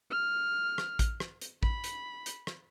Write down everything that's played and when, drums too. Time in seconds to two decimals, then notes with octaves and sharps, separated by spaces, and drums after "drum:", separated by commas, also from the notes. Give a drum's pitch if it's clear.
0.11 F6
0.78 drum: rim click
0.99 drum: kick A1, hi-hat
1.20 drum: rim click
1.41 drum: hi-hat
1.63 B5, drum: kick A1
1.84 drum: hi-hat
2.26 drum: hi-hat
2.47 drum: rim click